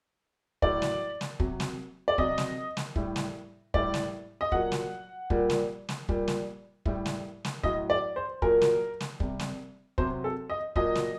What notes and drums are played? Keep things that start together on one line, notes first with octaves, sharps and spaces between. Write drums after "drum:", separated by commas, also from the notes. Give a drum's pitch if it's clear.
A2 F#3 D5, drum: kick
drum: snare
drum: snare
C3 F#3, drum: kick
drum: snare
D5
C3 F#3 D#5, drum: kick
drum: snare
drum: snare
A2 G3, drum: kick
drum: snare
A2 G3 D5, drum: kick
drum: snare
D#5
A#2 F#3 F#5, drum: kick
drum: snare
A#2 G3, drum: kick
drum: snare
drum: snare
A#2 G3, drum: kick
drum: snare
A2 G3, drum: kick
drum: snare
drum: snare
A2 F#3 D#5, drum: kick
D5
C5
A#2 F#3 A#4, drum: kick
drum: snare
drum: snare
C3 G3, drum: kick
drum: snare
C3 F#3 C5, drum: kick
A4
D#5
A#2 F#3 D#5, drum: kick
drum: snare